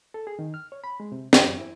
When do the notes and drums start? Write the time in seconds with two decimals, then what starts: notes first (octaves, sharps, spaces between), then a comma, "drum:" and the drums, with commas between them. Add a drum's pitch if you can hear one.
0.14 A4
0.27 G#4
0.39 D#3
0.54 F6
0.72 C#5
0.84 B5
1.00 G#3
1.12 C3
1.33 D3, drum: snare
1.44 F#2
1.58 E4